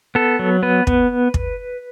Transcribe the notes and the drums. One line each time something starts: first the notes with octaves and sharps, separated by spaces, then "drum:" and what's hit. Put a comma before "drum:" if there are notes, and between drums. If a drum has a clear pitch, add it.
B3 A4
F#3
B3 B4
B3, drum: kick
drum: kick